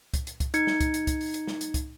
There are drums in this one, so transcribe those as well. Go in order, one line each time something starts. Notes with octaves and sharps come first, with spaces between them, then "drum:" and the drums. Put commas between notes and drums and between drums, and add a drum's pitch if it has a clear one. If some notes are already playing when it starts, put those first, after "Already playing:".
drum: kick, hi-hat
drum: hi-hat
drum: kick, hi-hat
D#4 G#6 C#7, drum: hi-hat
drum: snare
drum: kick, hi-hat
drum: hi-hat
drum: kick, hi-hat
drum: open hi-hat
drum: hi-hat
drum: snare
drum: hi-hat
drum: kick, hi-hat